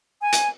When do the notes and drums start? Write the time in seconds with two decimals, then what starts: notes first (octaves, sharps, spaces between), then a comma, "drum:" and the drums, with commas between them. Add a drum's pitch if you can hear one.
0.21 G#5
0.33 drum: hi-hat